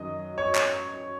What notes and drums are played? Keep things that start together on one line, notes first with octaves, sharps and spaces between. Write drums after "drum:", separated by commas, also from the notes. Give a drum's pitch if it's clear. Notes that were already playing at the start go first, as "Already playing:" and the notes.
Already playing: F#2 D#3 F#3 D#5
C#5
drum: clap